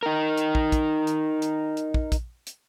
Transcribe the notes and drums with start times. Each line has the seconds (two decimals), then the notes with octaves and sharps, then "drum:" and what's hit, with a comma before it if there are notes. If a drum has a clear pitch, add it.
0.03 D#4 A#4
0.37 drum: hi-hat
0.55 drum: kick
0.72 drum: kick, hi-hat
1.07 drum: hi-hat
1.42 drum: hi-hat
1.77 drum: hi-hat
1.94 drum: kick
2.12 drum: kick, hi-hat
2.47 drum: hi-hat